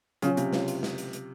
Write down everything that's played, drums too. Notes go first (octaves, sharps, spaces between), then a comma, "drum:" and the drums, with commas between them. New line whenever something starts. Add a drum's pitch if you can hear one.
C#3 F#3 C#4 F4, drum: hi-hat
C3, drum: hi-hat
F#3 C#4 F4, drum: snare
drum: hi-hat
drum: snare
drum: hi-hat
drum: hi-hat